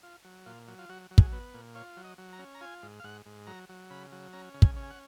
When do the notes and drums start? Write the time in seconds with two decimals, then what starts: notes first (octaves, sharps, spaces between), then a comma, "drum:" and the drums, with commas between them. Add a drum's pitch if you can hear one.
0.03 F4
0.24 F#3
0.46 A#2 F4
0.68 F#3
0.79 F4
0.89 F#3 F#4
1.11 F#3
1.18 G#4, drum: kick
1.33 B3
1.54 A#2
1.75 F4 C#5
1.97 F#3
2.04 D#5
2.18 F#3
2.33 A#5
2.39 C#4
2.55 A#5
2.61 F4 G#5
2.83 G#2
3.00 F5
3.04 G#2 F#5
3.26 G#2
3.47 F#3 A#5
3.69 F#3
3.90 C#3 B5
4.12 F#3
4.33 C#4 A#5
4.54 C#3
4.62 G#5, drum: kick
4.76 C#4
4.83 G#5
4.90 F#5